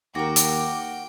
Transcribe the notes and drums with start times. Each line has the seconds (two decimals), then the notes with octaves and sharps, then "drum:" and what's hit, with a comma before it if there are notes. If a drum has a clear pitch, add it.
0.15 D#2 F#4 A#4 G5 D6
0.36 drum: hi-hat